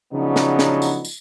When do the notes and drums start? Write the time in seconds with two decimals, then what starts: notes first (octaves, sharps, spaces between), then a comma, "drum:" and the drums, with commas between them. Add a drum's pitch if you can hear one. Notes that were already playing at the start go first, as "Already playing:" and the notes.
0.13 C#3 F3 F#3 B3 D4 D#4
0.36 drum: snare
0.59 drum: snare
0.82 drum: tambourine
1.05 drum: tambourine